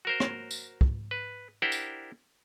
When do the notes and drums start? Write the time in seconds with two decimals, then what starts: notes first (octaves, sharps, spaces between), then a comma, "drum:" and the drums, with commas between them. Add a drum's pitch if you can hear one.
0.05 F#4 A#4 C5
0.20 drum: rim click
0.51 drum: tambourine
0.81 drum: kick
1.11 B4
1.62 D4 E4 G4 A#4 C5 F#5
1.72 drum: tambourine